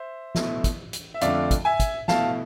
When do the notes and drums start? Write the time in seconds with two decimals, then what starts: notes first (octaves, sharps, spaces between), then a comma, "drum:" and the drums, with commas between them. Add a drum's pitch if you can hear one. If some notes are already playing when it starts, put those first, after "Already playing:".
Already playing: C5 E5
0.35 B2 A3 E4, drum: snare
0.64 drum: kick, hi-hat
0.93 drum: hi-hat
1.14 E5
1.21 F2 D3 A3 D4 D5 F5, drum: hi-hat
1.51 drum: kick, hi-hat
1.65 E5 G#5
1.80 drum: kick, hi-hat
2.08 B2 A3 E4 F5 A5, drum: snare